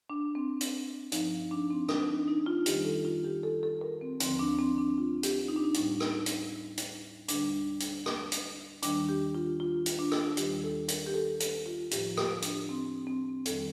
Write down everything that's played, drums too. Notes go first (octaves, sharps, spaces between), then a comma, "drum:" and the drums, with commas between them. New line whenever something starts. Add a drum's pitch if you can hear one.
D4
C4
drum: hi-hat
G2 F3 D#4, drum: hi-hat
D4
C4
D4, drum: rim click
D#4
D4
D#4
F4
F2 D#3 G3 G4, drum: hi-hat
A4
F4
G4
A4
A4
A#4
C4
D#2 D3 F3 C4, drum: hi-hat
D4
C4
D4
F4
G4, drum: hi-hat
D#4
D4
D#4
A2 G3 D#4, drum: hi-hat
drum: rim click
drum: hi-hat
drum: hi-hat
D#2 D3 G3 D4, drum: hi-hat
drum: hi-hat
drum: rim click
drum: hi-hat
D#2 D#3 G3 D4, drum: hi-hat
G4
F4
F4
drum: hi-hat
D4
drum: rim click
D#2 D#3 G3 G4, drum: hi-hat
A4
A#4, drum: hi-hat
G4
A4
A4, drum: hi-hat
F4
A2 F3 G4, drum: hi-hat
G4, drum: rim click
D4, drum: hi-hat
C4
C4
F2 D#3 G3 A4, drum: hi-hat